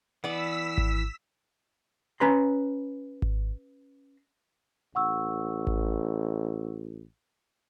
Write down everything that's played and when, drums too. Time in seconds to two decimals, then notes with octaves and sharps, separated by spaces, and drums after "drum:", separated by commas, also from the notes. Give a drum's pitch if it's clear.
0.24 E3 B3 D5 E6 B6
0.78 drum: kick G#1
2.20 C#4 B4 A#5 C6
3.22 drum: kick G#1
4.95 A1 F#5 C#6 E6
5.67 drum: kick G#1